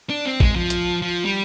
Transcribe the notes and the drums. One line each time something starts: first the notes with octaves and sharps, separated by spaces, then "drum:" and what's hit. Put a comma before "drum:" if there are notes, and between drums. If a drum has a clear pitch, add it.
D4
C4
G#3, drum: kick G#1
F3
drum: hi-hat
F3
G3